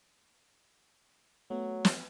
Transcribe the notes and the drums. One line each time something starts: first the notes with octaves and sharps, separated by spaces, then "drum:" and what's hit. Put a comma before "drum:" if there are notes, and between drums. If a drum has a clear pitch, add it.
F#3 A3 B3
drum: snare